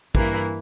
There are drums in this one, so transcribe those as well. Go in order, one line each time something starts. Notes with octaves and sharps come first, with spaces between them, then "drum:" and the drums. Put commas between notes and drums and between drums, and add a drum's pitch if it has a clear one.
G2 E3 A#3 E4, drum: kick